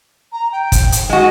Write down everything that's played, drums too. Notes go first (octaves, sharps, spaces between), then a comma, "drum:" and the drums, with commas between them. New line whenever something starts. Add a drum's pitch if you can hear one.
A#5
G5
drum: kick, hi-hat
drum: hi-hat
G#3 F#4 D#5